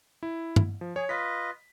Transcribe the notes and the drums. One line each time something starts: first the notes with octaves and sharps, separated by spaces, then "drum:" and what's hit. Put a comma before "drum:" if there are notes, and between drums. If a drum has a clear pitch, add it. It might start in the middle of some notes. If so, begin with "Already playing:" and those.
E4
drum: tom
F3
G#4 C#5
F4 B4 D#5 B6